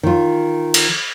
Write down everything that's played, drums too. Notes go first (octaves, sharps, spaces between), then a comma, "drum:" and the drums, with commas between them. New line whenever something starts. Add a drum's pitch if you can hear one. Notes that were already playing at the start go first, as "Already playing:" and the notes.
D#3 F4
drum: cymbal